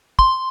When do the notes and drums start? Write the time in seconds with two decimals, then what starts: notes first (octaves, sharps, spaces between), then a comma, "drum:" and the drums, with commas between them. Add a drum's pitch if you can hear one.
0.19 C6, drum: kick